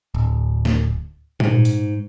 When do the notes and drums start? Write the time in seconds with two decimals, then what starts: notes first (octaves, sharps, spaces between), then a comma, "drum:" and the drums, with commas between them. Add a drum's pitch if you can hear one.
0.15 D1
0.65 drum: snare
1.40 G#2, drum: tom A#2
1.65 drum: hi-hat